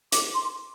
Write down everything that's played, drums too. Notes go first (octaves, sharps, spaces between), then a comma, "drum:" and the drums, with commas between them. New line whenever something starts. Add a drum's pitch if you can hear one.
D6, drum: hi-hat
C6